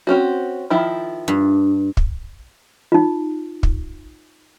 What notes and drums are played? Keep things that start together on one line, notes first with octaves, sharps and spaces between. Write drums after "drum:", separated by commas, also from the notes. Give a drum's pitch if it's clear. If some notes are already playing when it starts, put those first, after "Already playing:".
C4 C#4 F#4
D#3 F3 E4
G2
drum: kick
D#4 F4
drum: kick